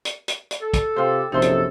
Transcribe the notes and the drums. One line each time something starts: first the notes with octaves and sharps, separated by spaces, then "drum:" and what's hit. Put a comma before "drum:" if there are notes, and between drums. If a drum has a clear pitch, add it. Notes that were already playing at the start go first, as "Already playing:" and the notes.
drum: hi-hat
drum: hi-hat
drum: hi-hat
A4
drum: kick, hi-hat
C3 F4 G4 C5
A#1 F#2 C3 D#4 A4 C5
drum: hi-hat